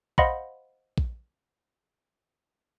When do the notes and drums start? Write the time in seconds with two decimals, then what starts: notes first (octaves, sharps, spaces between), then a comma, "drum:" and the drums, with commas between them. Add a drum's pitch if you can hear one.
0.18 C5 D#5 F5 F#5 B5 C6, drum: kick A#1
0.98 drum: kick A#1